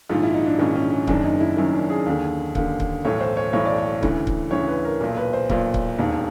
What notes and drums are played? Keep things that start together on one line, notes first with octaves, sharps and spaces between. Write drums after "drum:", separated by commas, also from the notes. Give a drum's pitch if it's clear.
A#1 G#2 D#3 F4
E4
D#4
D4
A#1 G#2 D#3 C#4
C#4
C#4
F#1 F#2 D#3 D4, drum: kick C#1
D#4
E4
F#1 F#2 D#3 C#4
D4
G#4
D#2 D3
D#2 D3, drum: kick C#1
drum: kick C#1
B1 A2 E3 C#5
C5
C#5
B1 A2 E3 C#5
D5
C#5
D2 C#3 E3, drum: kick C#1
drum: kick C#1
D2 C#3 E3 C#5
B4
A#4
B1 A#2
B4
C5
B1 A#2, drum: kick C#1
drum: kick C#1
E1 D#2 D#3